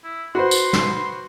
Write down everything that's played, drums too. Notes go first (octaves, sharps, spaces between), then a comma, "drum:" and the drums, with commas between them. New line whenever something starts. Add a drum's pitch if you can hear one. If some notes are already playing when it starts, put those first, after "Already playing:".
E4
F#4 B4 C5 C6
drum: tambourine
drum: snare